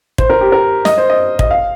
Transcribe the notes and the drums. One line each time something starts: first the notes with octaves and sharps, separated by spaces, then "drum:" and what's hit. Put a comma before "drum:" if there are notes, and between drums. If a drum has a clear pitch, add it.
C5, drum: kick
A#4
G4
A#4
D#5, drum: snare
C5
D#5
D#5, drum: kick
F5